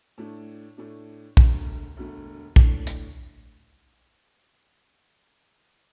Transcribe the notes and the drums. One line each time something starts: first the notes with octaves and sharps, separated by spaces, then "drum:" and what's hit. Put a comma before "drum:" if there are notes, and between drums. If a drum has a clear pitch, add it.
A2 A3 D4
A2 A3 D4
E1 D2 D3 A3, drum: kick
E1 D2 D3 A3
A2 A3 D4, drum: kick
drum: hi-hat